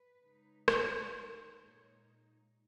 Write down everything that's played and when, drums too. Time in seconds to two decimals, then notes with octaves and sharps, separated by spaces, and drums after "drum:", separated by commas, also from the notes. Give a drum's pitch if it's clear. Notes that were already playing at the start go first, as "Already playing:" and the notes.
Already playing: B4
0.20 C#3 G#3 D#4
0.68 drum: rim click
0.94 G#2 D#3 A#3 D#4
1.68 A#2 G#3 D#4 C#5